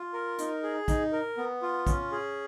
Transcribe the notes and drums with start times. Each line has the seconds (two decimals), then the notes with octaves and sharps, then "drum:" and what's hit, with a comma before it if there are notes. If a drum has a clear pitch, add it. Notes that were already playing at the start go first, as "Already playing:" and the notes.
Already playing: F4
0.13 A#4
0.38 D#4, drum: hi-hat
0.63 G#4
0.88 D#4, drum: kick, hi-hat
1.13 A#4
1.38 B3
1.62 F4
1.87 C#4, drum: kick, hi-hat
2.12 G#4